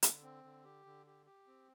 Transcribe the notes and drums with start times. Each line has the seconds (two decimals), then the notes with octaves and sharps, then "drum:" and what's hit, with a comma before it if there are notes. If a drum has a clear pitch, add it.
0.03 D3, drum: hi-hat
0.23 C4
0.44 D3
0.64 G4
0.86 D3
1.06 G4
1.26 G4
1.47 C4